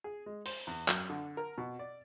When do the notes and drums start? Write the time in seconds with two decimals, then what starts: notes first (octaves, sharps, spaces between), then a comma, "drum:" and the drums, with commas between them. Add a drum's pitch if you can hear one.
0.04 G#4
0.26 G#3
0.46 C5, drum: open hi-hat
0.67 E2
0.88 F#2, drum: clap
1.10 D3
1.37 A#4
1.58 B2
1.79 D5